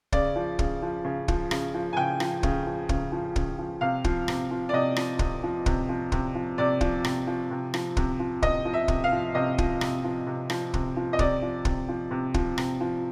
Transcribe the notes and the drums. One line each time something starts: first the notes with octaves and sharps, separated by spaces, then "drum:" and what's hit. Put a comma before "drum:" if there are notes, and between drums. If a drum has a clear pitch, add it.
C#3 D5, drum: kick
F3
C#3, drum: kick
F3
C#3
F3, drum: kick
C#3, drum: rim click
F3
G#5
C#3 G5
F3, drum: rim click
C#3, drum: kick
F3
C#3, drum: kick
F3
C#3, drum: kick
F3
C3 F5
F3, drum: kick
C3, drum: rim click
F3
D5
C3 D#5
F3, drum: rim click
C3, drum: kick
F3
C3, drum: kick
F3
C3, drum: kick
F3
C3 D5
F3, drum: kick
C3, drum: rim click
F3
C3
F3, drum: rim click
C3, drum: kick
F3
C3 D#5, drum: kick
F3
E5
C3, drum: kick
F5
F3
C3 D#5
F3, drum: kick
C3, drum: rim click
F3
C3
F3, drum: rim click
C3, drum: kick
F3
D#5
C3 D5, drum: kick
F3
C3, drum: kick
F3
C3
F3, drum: kick
C3, drum: rim click
F3